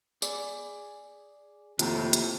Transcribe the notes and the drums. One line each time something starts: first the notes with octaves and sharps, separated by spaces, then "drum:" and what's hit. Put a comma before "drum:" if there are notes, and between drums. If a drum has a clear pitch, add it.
G#4 D5, drum: tambourine
F2 A2 C3 D#3 A#3 F4 A#5, drum: hi-hat
drum: hi-hat